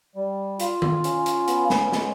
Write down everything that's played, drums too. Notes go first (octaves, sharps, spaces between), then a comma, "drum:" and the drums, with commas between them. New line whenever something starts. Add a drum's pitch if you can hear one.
G3
F4, drum: hi-hat
drum: tom D#3
C#4, drum: hi-hat
drum: hi-hat
B3, drum: hi-hat
drum: snare
G#3, drum: snare